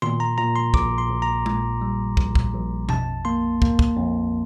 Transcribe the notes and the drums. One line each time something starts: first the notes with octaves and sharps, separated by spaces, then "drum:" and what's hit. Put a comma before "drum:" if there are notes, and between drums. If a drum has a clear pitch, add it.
A#2 C6, drum: tom D#3
A#5
A#2 A#5
C6
A#1 D6, drum: kick
C6
A#1
A#5
A#2, drum: tom G#3
G3
A#1, drum: kick
drum: kick
A#1
F2 A5, drum: tom B2
A#3 C6
A#3, drum: kick
drum: kick
F2